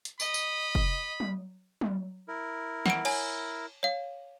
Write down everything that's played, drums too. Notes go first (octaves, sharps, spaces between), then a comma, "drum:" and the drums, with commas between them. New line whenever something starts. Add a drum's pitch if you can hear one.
drum: hi-hat
D#5 B5, drum: tambourine
drum: tambourine
drum: kick
drum: tom F#3
drum: tom F#3
E4 A#4
F#5 D7, drum: snare
C#5 G#5, drum: cymbal
C#5 F5